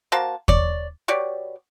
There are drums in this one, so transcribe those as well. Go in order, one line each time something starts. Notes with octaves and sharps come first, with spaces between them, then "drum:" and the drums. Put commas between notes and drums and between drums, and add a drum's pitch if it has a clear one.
A#3 F#4 C5 A5
C#5 D5, drum: kick
B2 G4 C#5 D5